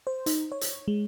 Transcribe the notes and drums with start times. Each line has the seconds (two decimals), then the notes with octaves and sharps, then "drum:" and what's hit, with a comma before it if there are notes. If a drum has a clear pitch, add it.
0.07 C5
0.26 D#4, drum: hi-hat
0.52 C#5
0.61 drum: hi-hat
0.88 G#3